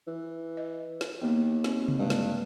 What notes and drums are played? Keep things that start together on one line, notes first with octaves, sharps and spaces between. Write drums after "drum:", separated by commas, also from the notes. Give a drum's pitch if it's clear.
E3
D#5
drum: snare
D#2 A#3 B3
C4, drum: snare
drum: tom C3
G2 G#3 A#3
drum: snare